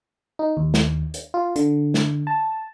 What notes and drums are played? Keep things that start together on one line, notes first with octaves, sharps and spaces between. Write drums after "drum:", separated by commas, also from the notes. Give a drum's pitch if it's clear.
D#4
D#2
drum: snare
drum: hi-hat
F4
D3, drum: hi-hat
drum: snare
A5